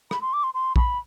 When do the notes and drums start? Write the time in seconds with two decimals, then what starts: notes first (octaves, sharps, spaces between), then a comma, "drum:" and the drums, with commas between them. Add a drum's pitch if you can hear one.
0.11 B5, drum: rim click
0.21 C6
0.33 D6
0.44 C6
0.54 C6
0.76 B5, drum: kick A#1